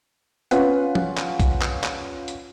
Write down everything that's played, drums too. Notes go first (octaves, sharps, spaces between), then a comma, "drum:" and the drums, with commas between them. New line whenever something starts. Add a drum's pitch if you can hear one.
C#4 F4 B4 F#5, drum: hi-hat
drum: tom
drum: clap
drum: kick B1, hi-hat
drum: clap
drum: clap
drum: hi-hat